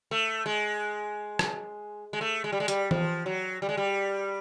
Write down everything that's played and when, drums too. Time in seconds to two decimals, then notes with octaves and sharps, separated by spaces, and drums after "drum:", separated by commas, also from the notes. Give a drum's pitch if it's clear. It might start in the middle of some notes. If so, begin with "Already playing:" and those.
0.11 A3
0.46 G#3
1.39 drum: rim click
2.13 G#3
2.21 A3
2.44 G#3
2.52 G3
2.60 G#3
2.68 G3, drum: hi-hat
2.91 F3, drum: tom E3
3.26 F#3
3.62 G3
3.69 G#3
3.77 G3